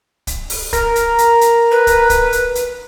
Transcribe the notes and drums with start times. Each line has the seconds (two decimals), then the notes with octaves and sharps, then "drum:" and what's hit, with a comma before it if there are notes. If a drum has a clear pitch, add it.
0.27 drum: kick, hi-hat
0.50 drum: open hi-hat
0.73 A#4, drum: kick, hi-hat
0.96 drum: hi-hat
1.18 drum: hi-hat
1.41 drum: hi-hat
1.72 B4
1.87 drum: kick, hi-hat
2.10 drum: kick, hi-hat
2.32 drum: hi-hat
2.55 drum: hi-hat